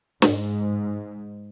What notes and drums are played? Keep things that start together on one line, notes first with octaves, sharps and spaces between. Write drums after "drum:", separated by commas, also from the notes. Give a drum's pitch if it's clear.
G#2, drum: snare